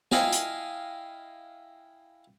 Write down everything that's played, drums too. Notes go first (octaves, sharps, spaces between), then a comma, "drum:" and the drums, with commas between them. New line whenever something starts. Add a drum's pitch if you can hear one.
E4 D#5 F5 G5 G#5, drum: snare
drum: hi-hat